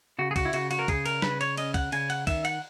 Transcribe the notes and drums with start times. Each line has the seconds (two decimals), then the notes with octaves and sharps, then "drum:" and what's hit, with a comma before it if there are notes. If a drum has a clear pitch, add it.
0.19 C#3 F#4
0.31 G#4
0.36 F#4, drum: kick, cymbal
0.45 E4
0.53 C#3 F#4, drum: cymbal
0.71 F#4, drum: cymbal
0.79 A#4
0.88 C#3 G#4, drum: kick, cymbal
1.06 A#4, drum: cymbal
1.22 C#3 B4, drum: snare
1.41 C#5, drum: cymbal
1.57 C#4 D#5, drum: cymbal
1.74 F#5, drum: kick, cymbal
1.92 C#3 G#5, drum: cymbal
2.10 F#5, drum: cymbal
2.27 D#3 E5, drum: kick, cymbal
2.45 F#5, drum: cymbal